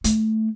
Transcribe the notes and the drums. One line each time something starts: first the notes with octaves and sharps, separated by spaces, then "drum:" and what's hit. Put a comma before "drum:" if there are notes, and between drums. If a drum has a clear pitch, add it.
A3, drum: hi-hat